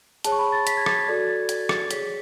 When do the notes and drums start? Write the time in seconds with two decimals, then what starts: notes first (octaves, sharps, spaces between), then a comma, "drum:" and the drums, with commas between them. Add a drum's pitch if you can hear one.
0.24 G#4 C#5 A5, drum: hi-hat
0.32 C#6
0.39 B5
0.52 A6
0.67 B6, drum: hi-hat
0.77 G#6
0.86 A6, drum: rim click
1.08 F#4 A4 D5 G#6
1.28 A6
1.49 G#6, drum: hi-hat
1.69 A6, drum: rim click
1.91 G#4 C#5 B6, drum: hi-hat